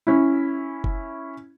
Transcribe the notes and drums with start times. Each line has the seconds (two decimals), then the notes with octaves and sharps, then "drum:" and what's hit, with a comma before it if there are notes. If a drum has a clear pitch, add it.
0.07 C#4 E4
0.84 drum: kick F#1